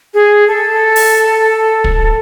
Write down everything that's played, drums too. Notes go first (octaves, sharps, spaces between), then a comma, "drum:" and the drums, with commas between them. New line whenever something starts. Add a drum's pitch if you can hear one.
G#4
A4
drum: open hi-hat
drum: kick